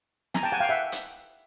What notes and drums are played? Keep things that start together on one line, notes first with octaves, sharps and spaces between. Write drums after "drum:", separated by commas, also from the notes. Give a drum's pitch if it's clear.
G#5 A#5, drum: snare
G5 A5
F#5 G#5
F5 G5
E5 F#5
drum: hi-hat